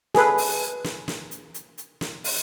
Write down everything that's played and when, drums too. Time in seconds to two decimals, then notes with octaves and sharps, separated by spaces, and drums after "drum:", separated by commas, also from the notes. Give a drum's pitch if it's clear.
0.14 G#4 A4 B4, drum: snare
0.38 drum: open hi-hat
0.84 drum: snare
1.08 drum: snare
1.31 drum: hi-hat
1.54 drum: hi-hat
1.78 drum: hi-hat
2.01 drum: snare
2.24 drum: open hi-hat